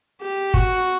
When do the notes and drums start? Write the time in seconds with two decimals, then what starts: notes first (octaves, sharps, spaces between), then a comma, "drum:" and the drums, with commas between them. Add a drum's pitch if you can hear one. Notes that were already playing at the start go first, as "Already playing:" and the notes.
0.22 G4
0.54 F#4, drum: kick